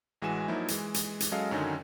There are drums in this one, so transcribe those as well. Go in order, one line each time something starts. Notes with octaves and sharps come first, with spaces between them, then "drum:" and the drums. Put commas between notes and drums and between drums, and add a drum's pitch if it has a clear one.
A1 E3 G#3 F#4 G#5 E7
F3 F#3 A#3 D#4 E4
E3 G#3, drum: hi-hat
drum: hi-hat
drum: hi-hat
F#3 G#3 C#4 A4 D#5 F5
F#2 D3 D#3 F#3 C#4 D#4